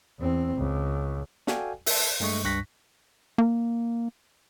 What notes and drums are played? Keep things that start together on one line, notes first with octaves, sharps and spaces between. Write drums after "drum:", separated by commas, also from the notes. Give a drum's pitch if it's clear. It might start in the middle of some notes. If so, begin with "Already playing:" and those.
E2 C4
C#2
F#4 A4 D5 F5 G5 G#5, drum: snare
E5 A5, drum: open hi-hat
G2 G#3 A3 D#5 C#6
C#2 G2 C#6 F#6 A#6 B6
A#3